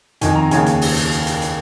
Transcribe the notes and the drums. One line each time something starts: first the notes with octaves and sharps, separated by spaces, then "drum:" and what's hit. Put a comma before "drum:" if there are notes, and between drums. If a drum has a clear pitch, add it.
F2 D#3 G#5, drum: hi-hat
A#5
D#2 C#3 G#5, drum: hi-hat
drum: hi-hat
drum: open hi-hat
drum: hi-hat
drum: hi-hat
drum: hi-hat
drum: hi-hat